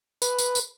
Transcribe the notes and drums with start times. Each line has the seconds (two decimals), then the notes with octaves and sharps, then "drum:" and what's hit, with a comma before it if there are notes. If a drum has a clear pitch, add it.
0.22 B4, drum: tambourine
0.38 drum: tambourine
0.55 drum: tambourine